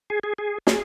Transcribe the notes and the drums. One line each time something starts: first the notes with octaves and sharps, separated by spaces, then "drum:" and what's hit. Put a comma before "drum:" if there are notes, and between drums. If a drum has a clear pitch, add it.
G#4
G#4
G#4
G#4, drum: snare